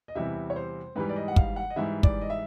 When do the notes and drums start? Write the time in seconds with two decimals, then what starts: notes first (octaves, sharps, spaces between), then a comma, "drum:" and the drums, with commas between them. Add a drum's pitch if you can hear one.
0.08 D#5
0.15 E2 C3 E3 G3 E5
0.50 C#5
0.56 C5
0.95 G#2 E3 G3 B4
1.09 D5
1.16 D#5
1.28 F#5
1.36 F5, drum: kick
1.56 F#5
1.70 D#5
1.76 G#2 E3 G3 E5
2.03 D5, drum: kick
2.21 D#5
2.30 E5